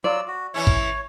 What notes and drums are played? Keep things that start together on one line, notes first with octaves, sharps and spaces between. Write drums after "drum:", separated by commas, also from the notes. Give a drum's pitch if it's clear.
F#3 F4 D5 E6
F#4
E3 C#4 E4 C#5
drum: kick